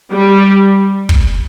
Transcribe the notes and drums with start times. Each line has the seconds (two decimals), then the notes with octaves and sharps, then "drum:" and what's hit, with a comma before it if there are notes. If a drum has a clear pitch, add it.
0.12 G3
1.09 drum: kick